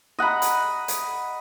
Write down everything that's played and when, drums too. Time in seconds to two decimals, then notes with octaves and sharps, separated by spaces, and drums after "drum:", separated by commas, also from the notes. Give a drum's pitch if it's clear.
0.19 D#5 F#5 A#5 B5
0.42 drum: hi-hat
0.88 drum: hi-hat